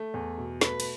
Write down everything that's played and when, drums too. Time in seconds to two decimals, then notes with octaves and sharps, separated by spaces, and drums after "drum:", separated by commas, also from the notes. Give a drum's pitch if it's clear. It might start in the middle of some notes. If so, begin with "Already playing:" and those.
Already playing: A3
0.14 E2
0.38 B2
0.61 A3 B4, drum: snare
0.80 drum: cymbal